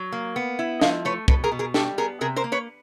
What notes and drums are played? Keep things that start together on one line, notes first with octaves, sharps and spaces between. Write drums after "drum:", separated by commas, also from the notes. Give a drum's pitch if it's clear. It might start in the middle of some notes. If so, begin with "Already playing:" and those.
Already playing: F#3
A#3
B3
E4
F3 D#5 F5, drum: snare D4
A3 B4 C#5
B2 A4 B4, drum: kick
G#4 A#4
B2
G#4 A#4
G3 G4 A4, drum: snare D4
B3 G#4 A#4
C3 G#4 A#4
A#4 C5
A#3
B4 C#5